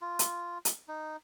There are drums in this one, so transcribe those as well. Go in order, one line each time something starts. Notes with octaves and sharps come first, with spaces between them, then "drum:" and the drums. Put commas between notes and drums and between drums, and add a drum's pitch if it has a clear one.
F4
drum: hi-hat
drum: hi-hat
D#4